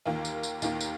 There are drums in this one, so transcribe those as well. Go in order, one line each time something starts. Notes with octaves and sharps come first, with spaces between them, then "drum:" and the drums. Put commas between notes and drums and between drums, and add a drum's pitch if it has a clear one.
D#2 D#3 A#3 F4
drum: tambourine
drum: tambourine
D#2 D#3 A#3 F4, drum: tambourine
drum: tambourine